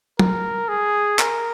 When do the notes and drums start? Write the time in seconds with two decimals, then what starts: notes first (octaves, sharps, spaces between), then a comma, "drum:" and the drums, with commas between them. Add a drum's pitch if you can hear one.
0.19 A#4, drum: tom
0.69 G#4
1.19 A#4, drum: clap